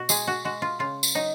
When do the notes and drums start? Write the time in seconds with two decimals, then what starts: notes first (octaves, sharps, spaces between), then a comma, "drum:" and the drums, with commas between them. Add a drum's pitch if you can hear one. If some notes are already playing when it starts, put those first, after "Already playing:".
Already playing: B2 F#4
0.09 G#3 G#4, drum: tambourine
0.27 F#4
0.45 G#3 F#4
0.62 F4
0.79 C#3 F4
1.03 drum: tambourine
1.15 F#3 D#4